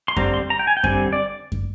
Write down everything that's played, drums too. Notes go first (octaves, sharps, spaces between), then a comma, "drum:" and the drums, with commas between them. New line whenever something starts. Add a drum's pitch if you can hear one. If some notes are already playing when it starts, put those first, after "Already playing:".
C6
D3 G3 C4 A#5, drum: kick F#2
C6
A#5
G5
G#5
G5
D3 G3 C4 G#5, drum: kick F#2
D5
drum: kick F#2